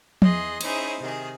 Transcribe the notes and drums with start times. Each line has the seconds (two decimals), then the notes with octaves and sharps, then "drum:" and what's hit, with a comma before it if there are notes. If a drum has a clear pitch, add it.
0.22 E2 G#4 D#5 C6 F#6, drum: tom F3
0.61 C#4 D#4 E4 G#4 C5, drum: cymbal
1.00 C3 D#3 G#4